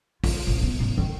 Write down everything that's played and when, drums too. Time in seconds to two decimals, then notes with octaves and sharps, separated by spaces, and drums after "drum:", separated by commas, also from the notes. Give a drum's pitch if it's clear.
0.24 F4, drum: kick A1, open hi-hat
0.47 A1
0.63 B3
0.80 G#2
0.98 D#3